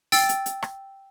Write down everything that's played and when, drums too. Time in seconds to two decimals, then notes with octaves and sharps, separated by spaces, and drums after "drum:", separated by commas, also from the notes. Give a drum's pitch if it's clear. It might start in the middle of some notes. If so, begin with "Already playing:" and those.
0.12 G5 E6 A6, drum: open hi-hat
0.29 drum: hi-hat
0.46 drum: hi-hat
0.63 drum: rim click